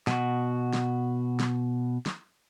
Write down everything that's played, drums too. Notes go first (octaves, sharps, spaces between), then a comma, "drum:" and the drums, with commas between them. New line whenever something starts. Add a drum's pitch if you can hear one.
B2 F#4, drum: snare
drum: snare
drum: snare
drum: snare